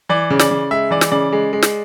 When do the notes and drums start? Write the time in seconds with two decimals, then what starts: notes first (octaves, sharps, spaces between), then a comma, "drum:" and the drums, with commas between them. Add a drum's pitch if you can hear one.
0.09 E3 D5
0.30 C#3
0.39 D5, drum: snare
0.51 C#3
0.71 G#3 E5
0.91 E3 D5
1.01 drum: snare
1.12 C#3 D5
1.32 G#3
1.53 G#3
1.62 drum: snare